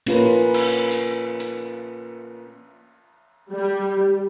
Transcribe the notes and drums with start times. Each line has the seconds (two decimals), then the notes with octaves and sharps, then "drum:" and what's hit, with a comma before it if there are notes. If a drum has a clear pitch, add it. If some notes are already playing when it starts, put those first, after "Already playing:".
0.06 A#3 C#4 F4 A#4 B4, drum: cymbal
0.54 drum: cymbal
0.91 drum: hi-hat
1.40 drum: hi-hat
3.52 G3